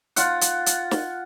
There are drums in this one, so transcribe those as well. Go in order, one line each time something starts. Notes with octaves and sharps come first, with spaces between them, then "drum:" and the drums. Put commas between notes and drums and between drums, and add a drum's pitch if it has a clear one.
F4 F#5, drum: hi-hat
drum: hi-hat
drum: hi-hat
drum: snare